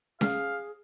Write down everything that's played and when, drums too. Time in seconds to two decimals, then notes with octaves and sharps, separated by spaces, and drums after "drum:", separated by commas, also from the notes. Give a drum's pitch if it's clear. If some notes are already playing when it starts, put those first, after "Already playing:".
0.21 G#4 F5, drum: snare C#4